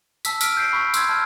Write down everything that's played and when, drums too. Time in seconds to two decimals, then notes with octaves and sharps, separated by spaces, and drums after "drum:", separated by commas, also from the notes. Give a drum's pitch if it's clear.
0.25 A5 E6 B6, drum: tambourine
0.41 E6 F6 B6 D7 D#7, drum: tambourine
0.57 G6 B6 C7 D7
0.72 B5 C#6 E6 B6
0.94 C6 E6 G6 G#6, drum: tambourine
1.09 A5 F6